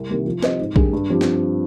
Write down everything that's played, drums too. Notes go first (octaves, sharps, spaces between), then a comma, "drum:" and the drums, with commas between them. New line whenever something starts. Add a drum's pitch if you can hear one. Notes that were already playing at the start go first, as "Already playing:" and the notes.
Already playing: C2
C3 D#3 G3 A#3
F3
C4 G4 C5 D#5, drum: snare
G#2
D#3 G3 D4 G#4, drum: kick A#1
G2
F3 C4 G4
drum: snare